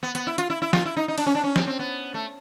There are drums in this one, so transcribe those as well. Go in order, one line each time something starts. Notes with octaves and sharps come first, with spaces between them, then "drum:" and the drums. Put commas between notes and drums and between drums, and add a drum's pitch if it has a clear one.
B3
B3, drum: hi-hat
E4
F4, drum: hi-hat
E4
E4
F4, drum: snare
E4
D#4
D#4
D4, drum: cymbal
C#4
D4
C#4
C4, drum: snare
C4
B3
A3